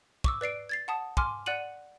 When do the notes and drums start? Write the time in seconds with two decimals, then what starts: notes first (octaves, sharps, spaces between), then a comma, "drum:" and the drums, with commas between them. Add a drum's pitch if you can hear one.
0.24 C#6 D6 E6, drum: kick
0.41 B4 D5 C7 D7
0.69 G#6 A6 C7
0.88 F#5 A5 D#6
1.17 G#5 C6 D6 F6, drum: kick
1.46 D5 F#5 F#6 C#7 D#7 F#7